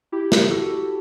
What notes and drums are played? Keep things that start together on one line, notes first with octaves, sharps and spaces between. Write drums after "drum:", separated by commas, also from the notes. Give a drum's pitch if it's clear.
E4 G4
drum: snare
F#4 A4